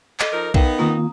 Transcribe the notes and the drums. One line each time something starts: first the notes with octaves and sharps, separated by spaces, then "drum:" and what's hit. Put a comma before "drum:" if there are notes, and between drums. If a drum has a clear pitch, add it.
A4 D#5 D6, drum: clap
F3 D#4 A#4
B3 D#4 A#4 F5 G5, drum: kick
D#3 A#3 C4 F4 A#5 D#6